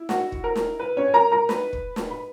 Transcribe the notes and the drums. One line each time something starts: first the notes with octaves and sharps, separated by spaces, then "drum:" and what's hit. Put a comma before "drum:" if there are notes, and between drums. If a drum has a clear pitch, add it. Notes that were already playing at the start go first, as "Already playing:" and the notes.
Already playing: E4
F#4 F#5, drum: snare
drum: kick
A#4
drum: snare
B4
C#4 C#5
G#5
A#4 A#5
A#4 A#5
B4 B5, drum: snare
drum: kick
drum: snare
B5